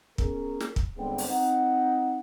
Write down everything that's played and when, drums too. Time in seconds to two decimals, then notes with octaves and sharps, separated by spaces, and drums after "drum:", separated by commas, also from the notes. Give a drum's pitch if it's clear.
0.18 B3 C#4 G#4 A#4, drum: kick
0.60 drum: snare
0.76 drum: kick
0.97 G1 D3 G#3 B3 C4 G5
1.18 drum: open hi-hat
1.29 C4 D#4 F#5